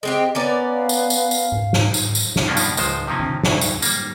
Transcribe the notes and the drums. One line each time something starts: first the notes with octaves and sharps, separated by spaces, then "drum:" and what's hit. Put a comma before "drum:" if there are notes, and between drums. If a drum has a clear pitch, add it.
G#3 C4 G4 D#5
B3 C#4 A#4 D5
F5
drum: tambourine
drum: tambourine
drum: tambourine
drum: tom G#2
drum: snare
drum: tambourine
drum: tambourine
drum: snare
G2 B2 F3 A#3 C#4 D4
drum: tambourine
C#2 D#3 F3 G#3 C5, drum: tambourine
C3 D#3 F3 A#3 C#4
drum: tom
D2 G2 C#3, drum: snare
drum: tambourine
G3 A#3, drum: tambourine